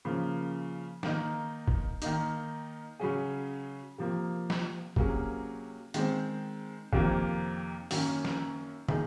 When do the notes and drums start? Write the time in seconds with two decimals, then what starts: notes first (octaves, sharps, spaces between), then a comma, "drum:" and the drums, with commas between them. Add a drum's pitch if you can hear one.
0.05 C#3 F3 A#3
1.03 D#3 A#3 D#4, drum: snare
1.68 drum: kick
2.02 D#3 A#3 D#4, drum: hi-hat
3.00 C#3 F#3 C#4 G#4
3.98 C3 F3 A#3
4.50 drum: snare
4.96 C3 F#3 A#3 C#4 G#4, drum: kick
5.94 D#3 G#3 C4, drum: hi-hat
6.93 F2 C3 D#3 A#3, drum: kick
7.91 F#2 D#3 A#3 C#4, drum: open hi-hat
8.25 drum: snare
8.88 D#3 A#3 D#4 G#4, drum: tom